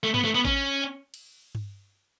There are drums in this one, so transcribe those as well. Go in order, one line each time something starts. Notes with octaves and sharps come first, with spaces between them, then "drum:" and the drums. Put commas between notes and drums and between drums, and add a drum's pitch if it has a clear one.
A3
B3, drum: tom G2
A3
B3
C#4, drum: kick A1
drum: cymbal
drum: tom G2